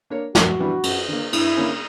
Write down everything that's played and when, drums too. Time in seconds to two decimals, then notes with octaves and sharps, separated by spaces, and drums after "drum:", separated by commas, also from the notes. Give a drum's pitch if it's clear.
0.10 A#3 D4 A#4 C#5
0.35 F#2 F#4, drum: snare
0.59 E3 G3 B3 D4
0.83 F#2, drum: cymbal
1.08 D3 A#3
1.33 G2 E4, drum: cymbal
1.57 D3 A#3 C#4